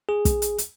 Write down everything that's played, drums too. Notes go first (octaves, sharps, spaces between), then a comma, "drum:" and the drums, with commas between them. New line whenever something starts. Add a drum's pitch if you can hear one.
G#4
drum: kick, hi-hat
drum: hi-hat
drum: hi-hat